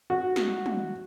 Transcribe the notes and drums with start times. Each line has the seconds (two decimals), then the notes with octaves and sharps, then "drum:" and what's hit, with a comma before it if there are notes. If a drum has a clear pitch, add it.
0.10 F#4
0.36 drum: snare
0.66 drum: tom